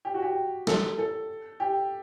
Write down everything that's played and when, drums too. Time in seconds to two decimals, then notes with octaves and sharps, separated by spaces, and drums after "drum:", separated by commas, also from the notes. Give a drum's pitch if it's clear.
0.05 G4
0.14 F#4
0.22 G4
0.67 A4, drum: snare
0.98 A4
1.60 G4